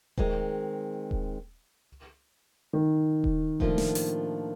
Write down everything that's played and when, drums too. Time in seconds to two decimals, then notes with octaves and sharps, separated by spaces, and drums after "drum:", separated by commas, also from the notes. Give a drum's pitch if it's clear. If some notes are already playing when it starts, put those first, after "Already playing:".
0.17 D#3 G#3 C4, drum: kick D#1
1.11 drum: kick D#1
2.73 D#3
3.24 drum: kick D#1
3.60 A2 F3 A#3 D4 F4, drum: kick D#1
3.78 drum: snare
3.95 drum: open hi-hat